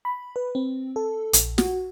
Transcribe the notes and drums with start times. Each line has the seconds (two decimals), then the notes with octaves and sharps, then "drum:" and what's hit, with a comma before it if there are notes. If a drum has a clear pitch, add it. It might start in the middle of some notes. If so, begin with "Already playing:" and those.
0.05 B5
0.36 B4
0.55 C4
0.96 A4
1.33 A#1, drum: hi-hat
1.58 F#4, drum: snare